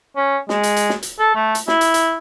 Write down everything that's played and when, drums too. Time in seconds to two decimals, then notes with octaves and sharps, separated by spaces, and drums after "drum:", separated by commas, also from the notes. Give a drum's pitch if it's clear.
0.16 C#4
0.49 G#3, drum: snare
0.63 drum: hi-hat
0.76 drum: hi-hat
0.89 drum: snare
1.03 drum: hi-hat
1.19 A4
1.35 A3
1.55 drum: hi-hat
1.68 E4, drum: snare
1.81 drum: hi-hat
1.94 drum: hi-hat